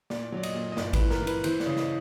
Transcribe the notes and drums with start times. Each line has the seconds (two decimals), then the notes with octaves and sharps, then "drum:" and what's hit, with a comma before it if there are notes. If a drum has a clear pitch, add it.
0.10 A#2 D5, drum: snare
0.32 F#3 D5
0.43 D#5, drum: cymbal
0.54 A#2
0.72 D#5
0.77 G1 D5, drum: snare
0.93 B4, drum: kick G#1, cymbal
0.99 E3
1.11 A#4, drum: snare
1.21 E3
1.27 B4, drum: cymbal
1.44 E3 C5, drum: cymbal
1.60 D5, drum: snare
1.66 C#3
1.77 D#5, drum: snare